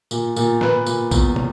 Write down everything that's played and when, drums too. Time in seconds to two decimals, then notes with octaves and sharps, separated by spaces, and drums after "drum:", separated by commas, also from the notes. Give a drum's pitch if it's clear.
0.11 A#2, drum: tambourine
0.36 A#2, drum: tambourine
0.61 A#2 B4, drum: snare
0.86 A#2, drum: tambourine
1.11 E2, drum: kick A1, tambourine
1.36 drum: tom